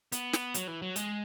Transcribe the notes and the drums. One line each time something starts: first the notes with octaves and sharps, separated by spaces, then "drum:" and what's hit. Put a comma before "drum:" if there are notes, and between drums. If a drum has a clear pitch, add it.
B3, drum: hi-hat
drum: snare
F#3, drum: hi-hat
E3
F#3
G#3, drum: hi-hat